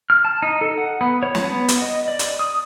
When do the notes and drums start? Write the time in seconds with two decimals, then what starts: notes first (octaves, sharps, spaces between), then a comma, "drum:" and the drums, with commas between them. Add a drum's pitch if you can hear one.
0.10 F6
0.25 A5
0.42 D#4
0.61 A4
0.78 F#5
1.01 B3
1.23 C#5
1.35 drum: snare
1.44 B3
1.68 drum: hi-hat
1.82 D#5
2.08 D5
2.19 drum: hi-hat
2.39 D#6